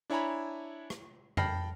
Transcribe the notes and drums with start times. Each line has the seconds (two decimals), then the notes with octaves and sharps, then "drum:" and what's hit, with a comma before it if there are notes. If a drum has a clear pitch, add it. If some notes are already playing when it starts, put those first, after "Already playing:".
0.10 D4 E4 C#5 G#5 A#5 B5
0.90 drum: rim click
1.37 G5 A5 B5 F6 A#6 C7, drum: tom F2